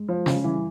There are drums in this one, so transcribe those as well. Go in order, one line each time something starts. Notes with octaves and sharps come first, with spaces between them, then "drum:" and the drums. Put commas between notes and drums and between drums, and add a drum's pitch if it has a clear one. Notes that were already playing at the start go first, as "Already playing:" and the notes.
Already playing: G#3
F3
C#3, drum: snare
E3 G3